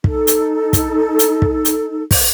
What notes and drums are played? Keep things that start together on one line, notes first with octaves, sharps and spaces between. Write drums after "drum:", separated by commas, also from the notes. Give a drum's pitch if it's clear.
D#4 A4, drum: kick
drum: hi-hat
drum: kick, hi-hat
drum: hi-hat
drum: kick
drum: hi-hat
drum: kick, open hi-hat